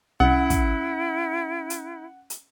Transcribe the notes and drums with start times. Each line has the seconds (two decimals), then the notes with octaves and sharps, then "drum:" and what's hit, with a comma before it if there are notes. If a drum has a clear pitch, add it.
0.20 C2 C#4 E4 F#5
0.50 drum: kick, hi-hat
1.70 drum: hi-hat
2.30 drum: hi-hat